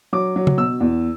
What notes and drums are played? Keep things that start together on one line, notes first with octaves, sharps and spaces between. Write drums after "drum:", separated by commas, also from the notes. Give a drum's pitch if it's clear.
F#3 D6
F#3
drum: tom C#3
B2 E6
E2